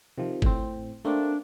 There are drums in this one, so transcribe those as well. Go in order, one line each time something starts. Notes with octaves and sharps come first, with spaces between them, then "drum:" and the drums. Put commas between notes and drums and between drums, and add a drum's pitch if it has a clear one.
C3 D#3 F3
A2 C4, drum: kick
A3 A#3 C4 D4